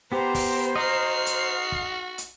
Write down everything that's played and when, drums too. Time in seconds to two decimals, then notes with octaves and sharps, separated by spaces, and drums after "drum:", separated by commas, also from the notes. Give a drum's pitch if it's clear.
0.12 B3 G4 C5 A#5
0.35 drum: kick, open hi-hat
0.76 F#4 D#5 A#5 F6 C7
1.26 drum: hi-hat
1.72 drum: kick
2.18 drum: hi-hat